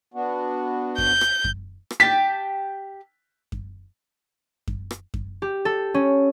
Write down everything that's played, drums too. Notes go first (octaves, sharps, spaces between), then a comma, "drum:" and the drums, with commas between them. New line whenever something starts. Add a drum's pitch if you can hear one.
B3 D4 F#4
G6, drum: kick F#2
drum: rim click
drum: kick F#2
drum: rim click
G4 G5 A5 B6
drum: kick F#2
drum: kick F#2
drum: rim click
drum: kick F#2
G4
A4
C#4